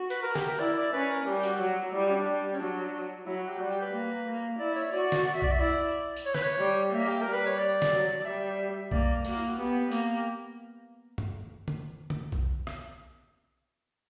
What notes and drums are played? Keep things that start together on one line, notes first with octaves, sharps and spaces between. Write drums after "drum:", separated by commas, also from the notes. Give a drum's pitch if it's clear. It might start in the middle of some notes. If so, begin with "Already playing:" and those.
Already playing: F#4
B4, drum: hi-hat
A#4
G4, drum: snare
A#4
E4 D5
D5
C#4 B4
A#4
G3 G4
F#4, drum: tambourine
F#3
G3 E4
F#4
C#4
D4
G3
C#4
F#3 D4
F#3 E4
F#4
G4
G3 F#4
G4
B4
A#3
A#3
E4 D5
C#5
F#4 D5
drum: snare
D5
E5
D5, drum: kick B1
E5
E4 D5
drum: tambourine
C#5
B4, drum: snare
C#5
G3
A#3 E5
G4
G3 A#4
B4
C#5
D5
drum: snare
F#3
D5
G3 E5
A#3 D5, drum: kick B1
A#3 F#4, drum: open hi-hat
E4
F#4
B3 G4
A#3, drum: tambourine
G4
drum: tom G2
drum: tom D3
drum: tom D3
drum: kick B1
drum: rim click